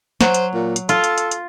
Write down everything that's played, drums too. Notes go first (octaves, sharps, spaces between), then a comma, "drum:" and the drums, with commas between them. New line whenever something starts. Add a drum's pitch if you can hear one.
F#3 C5, drum: snare
drum: hi-hat
A#2
drum: hi-hat
F4 A4, drum: hi-hat
drum: hi-hat
drum: hi-hat
drum: hi-hat